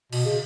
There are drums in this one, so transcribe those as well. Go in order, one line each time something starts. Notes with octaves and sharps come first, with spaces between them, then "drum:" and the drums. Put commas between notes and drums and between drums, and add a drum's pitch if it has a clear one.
B2, drum: cymbal
C#3